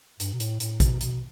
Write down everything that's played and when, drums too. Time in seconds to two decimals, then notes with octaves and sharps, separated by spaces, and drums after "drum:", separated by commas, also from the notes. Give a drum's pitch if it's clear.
0.20 G2, drum: hi-hat
0.34 B2
0.40 A2, drum: hi-hat
0.60 A2, drum: hi-hat
0.80 B2, drum: kick A1, hi-hat
1.01 B2, drum: hi-hat